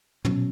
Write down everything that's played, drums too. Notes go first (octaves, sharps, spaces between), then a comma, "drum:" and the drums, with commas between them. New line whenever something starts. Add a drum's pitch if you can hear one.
B2 F#3 C#4, drum: tom